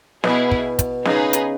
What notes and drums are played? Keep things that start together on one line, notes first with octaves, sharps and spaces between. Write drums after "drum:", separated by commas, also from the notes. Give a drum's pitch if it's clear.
B2 B3 E4 G#4, drum: snare
drum: kick
drum: kick, hi-hat
C#3 D#4 G#4 B4 D#5, drum: snare
drum: hi-hat